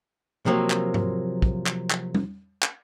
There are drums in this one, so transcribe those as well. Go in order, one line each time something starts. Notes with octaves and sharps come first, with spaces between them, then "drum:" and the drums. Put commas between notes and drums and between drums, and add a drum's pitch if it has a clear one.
C3 F3 F#3 A#3
drum: clap
drum: tom G#2
drum: kick
drum: clap
drum: clap
drum: tom
drum: clap